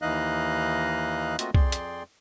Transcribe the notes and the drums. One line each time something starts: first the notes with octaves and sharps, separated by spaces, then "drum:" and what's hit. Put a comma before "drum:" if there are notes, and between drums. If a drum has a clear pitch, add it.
D#2 E3 D#4 D#5 F5 F#6
A3 A#3 C4 F4 F#4 D#5, drum: hi-hat
F2 G#4 D5 G5 C6, drum: kick
drum: hi-hat